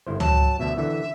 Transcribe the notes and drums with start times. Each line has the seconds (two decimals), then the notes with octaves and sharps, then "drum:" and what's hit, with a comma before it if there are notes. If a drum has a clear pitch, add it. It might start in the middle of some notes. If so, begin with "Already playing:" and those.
0.07 G1 E4 C5
0.20 F#3 A5, drum: tom C#2
0.59 D2 B2 E5
0.77 D3 E3 E5